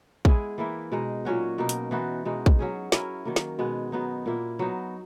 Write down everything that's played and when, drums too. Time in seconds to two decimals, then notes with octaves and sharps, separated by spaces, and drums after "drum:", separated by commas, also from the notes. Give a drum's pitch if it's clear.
0.25 G#3 B3 E4 G#4, drum: kick
0.58 E3 A#3 E4
0.92 B2 G#3 D#4
1.25 A#2 F#3 C#4 F#4
1.58 B2 A#3 D#4
1.69 drum: hi-hat
1.91 E3 B3 D#4 F#4
2.25 B2 G#3 D#4
2.46 drum: kick
2.59 F#3 C#4 G#4
2.92 F#3 C#4 E4 A#4, drum: snare
3.25 D#3 F#3 A#3
3.36 drum: snare
3.59 B2 G#3 B3
3.92 F#3 B3 D#4
4.26 A#2 A#3 E4
4.59 F#3 B3 D#4